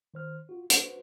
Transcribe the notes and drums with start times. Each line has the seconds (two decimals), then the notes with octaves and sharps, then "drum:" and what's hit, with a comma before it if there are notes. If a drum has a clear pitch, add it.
0.14 D#3 C5 F6
0.49 F4 F#4
0.70 F#4 B4 C5, drum: hi-hat